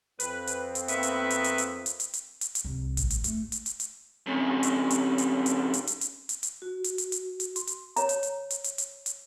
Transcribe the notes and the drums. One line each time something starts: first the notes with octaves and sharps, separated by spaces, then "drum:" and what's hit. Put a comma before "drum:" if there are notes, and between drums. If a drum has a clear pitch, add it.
F2 C4 B4, drum: hi-hat
drum: hi-hat
drum: hi-hat
D#3 A#3 B3 B4 E5, drum: hi-hat
drum: hi-hat
drum: hi-hat
drum: hi-hat
drum: hi-hat
drum: hi-hat
drum: hi-hat
drum: hi-hat
drum: hi-hat
drum: hi-hat
C2
A1 F#3, drum: hi-hat
drum: hi-hat
A3, drum: hi-hat
drum: hi-hat
drum: hi-hat
drum: hi-hat
F2 C#3
drum: hi-hat
drum: hi-hat
drum: hi-hat
drum: hi-hat
drum: hi-hat
drum: hi-hat
drum: hi-hat
drum: hi-hat
drum: hi-hat
F#4
drum: hi-hat
drum: hi-hat
drum: hi-hat
drum: hi-hat
C6, drum: hi-hat
drum: hi-hat
C#5 A#5, drum: hi-hat
drum: hi-hat
drum: hi-hat
drum: hi-hat
drum: hi-hat
drum: hi-hat
drum: hi-hat